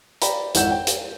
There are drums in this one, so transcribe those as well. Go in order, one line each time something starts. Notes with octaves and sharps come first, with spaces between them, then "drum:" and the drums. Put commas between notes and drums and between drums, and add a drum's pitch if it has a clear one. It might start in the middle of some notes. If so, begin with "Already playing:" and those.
D5 G5 A#5 B5, drum: hi-hat
G#1 F2 E4 F#5 G6 E7, drum: hi-hat
G5
drum: hi-hat